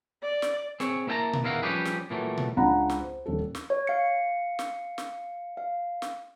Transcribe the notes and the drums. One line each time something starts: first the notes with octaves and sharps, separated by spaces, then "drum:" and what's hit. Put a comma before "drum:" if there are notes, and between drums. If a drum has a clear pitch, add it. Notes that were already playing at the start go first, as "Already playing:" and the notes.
D5
drum: snare
C4 G#4 C#5, drum: snare
A#3 E4 E5 G5 A5 A#5
drum: tom A#2
E2 D#3 E4 A#4 F5 F#5
F3 G3 C#4 G4 G#4 B4
drum: snare
A#2 E3 F#3 G3 A3
drum: tom A#2
C#2 D4 F#5 A#5 B5
drum: snare
C5
D#1 A4
drum: snare
C#5
F5 C#7
drum: snare
drum: snare
F5
drum: snare